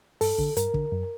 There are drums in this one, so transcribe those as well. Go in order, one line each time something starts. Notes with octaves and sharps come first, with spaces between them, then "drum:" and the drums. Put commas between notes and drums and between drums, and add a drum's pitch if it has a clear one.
G2 A4, drum: open hi-hat
D3, drum: kick
G2 A#4, drum: hi-hat
D3, drum: kick
F#2